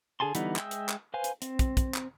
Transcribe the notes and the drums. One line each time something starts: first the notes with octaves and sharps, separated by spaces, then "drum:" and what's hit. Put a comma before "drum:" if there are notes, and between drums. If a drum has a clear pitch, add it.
D3 G#4 G#5 A5 C6
D3 E3 G3 B3 D#4, drum: hi-hat
G#3 E5 G5 D#6 E6, drum: clap
drum: hi-hat
drum: clap
B4 C5 F5 G#5
drum: hi-hat
C4, drum: hi-hat
drum: kick, hi-hat
drum: kick, hi-hat
drum: clap